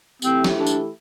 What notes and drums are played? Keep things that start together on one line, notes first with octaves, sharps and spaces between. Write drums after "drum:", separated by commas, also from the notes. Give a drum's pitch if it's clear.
E3 A3 C4 E4 G4, drum: tambourine
drum: snare
D4
drum: tambourine